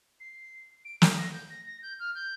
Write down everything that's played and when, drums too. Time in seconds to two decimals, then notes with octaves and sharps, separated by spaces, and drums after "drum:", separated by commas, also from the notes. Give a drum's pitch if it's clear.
0.20 C7
0.85 D7
1.02 C7, drum: snare
1.18 A#6
1.34 G6
1.50 A#6
1.66 A#6
1.82 G6
1.99 F6
2.15 G6